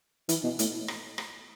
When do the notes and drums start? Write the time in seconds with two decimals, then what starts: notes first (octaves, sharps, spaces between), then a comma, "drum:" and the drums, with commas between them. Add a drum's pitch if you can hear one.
0.29 E3, drum: hi-hat
0.44 B2
0.59 A2, drum: hi-hat
0.88 drum: rim click
1.18 drum: rim click